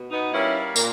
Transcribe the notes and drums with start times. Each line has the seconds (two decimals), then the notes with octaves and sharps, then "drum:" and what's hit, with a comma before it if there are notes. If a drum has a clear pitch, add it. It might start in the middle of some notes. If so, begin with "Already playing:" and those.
Already playing: B2
0.11 B3 D#4
0.33 G3 A#3 C#4 E4
0.76 A#2 A#3, drum: tambourine